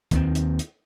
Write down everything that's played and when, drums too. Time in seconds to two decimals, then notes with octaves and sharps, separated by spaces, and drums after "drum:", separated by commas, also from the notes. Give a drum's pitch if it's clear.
0.11 D#2 D#3 C4, drum: kick C#2, hi-hat
0.35 drum: hi-hat
0.59 drum: hi-hat